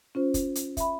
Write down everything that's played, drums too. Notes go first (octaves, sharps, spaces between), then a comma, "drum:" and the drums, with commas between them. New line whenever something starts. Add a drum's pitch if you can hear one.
C#4 F4 C5
drum: kick, hi-hat
drum: hi-hat
E5 B5, drum: kick, hi-hat